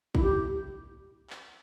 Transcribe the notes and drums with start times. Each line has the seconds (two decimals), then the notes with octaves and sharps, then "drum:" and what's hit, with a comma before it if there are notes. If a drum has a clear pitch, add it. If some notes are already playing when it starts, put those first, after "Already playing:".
0.15 E4, drum: kick
0.23 G4
1.30 drum: clap